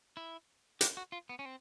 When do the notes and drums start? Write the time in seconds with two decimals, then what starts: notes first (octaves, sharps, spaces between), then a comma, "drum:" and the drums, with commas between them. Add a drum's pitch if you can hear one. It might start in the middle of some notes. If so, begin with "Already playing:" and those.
0.17 E4
0.81 G4, drum: hi-hat
0.97 F#4
1.12 F4
1.29 B3
1.39 C#4
1.45 C4